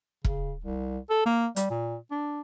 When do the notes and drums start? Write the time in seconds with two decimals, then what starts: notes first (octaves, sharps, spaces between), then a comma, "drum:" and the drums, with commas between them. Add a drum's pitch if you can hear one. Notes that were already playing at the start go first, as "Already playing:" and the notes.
0.24 C#3, drum: kick E1
0.64 C2
1.10 A4
1.26 A#3
1.56 G3, drum: hi-hat
1.70 A#2
2.11 D4